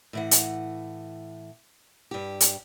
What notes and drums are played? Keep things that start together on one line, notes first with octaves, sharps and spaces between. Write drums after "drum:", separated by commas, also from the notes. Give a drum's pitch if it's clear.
A2 E3 F#5
drum: hi-hat
G2 G4
drum: hi-hat